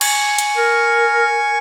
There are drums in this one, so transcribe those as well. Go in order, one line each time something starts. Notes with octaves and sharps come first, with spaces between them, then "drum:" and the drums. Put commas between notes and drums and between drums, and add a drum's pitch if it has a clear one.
G#5 C#6, drum: cymbal
drum: hi-hat
A#4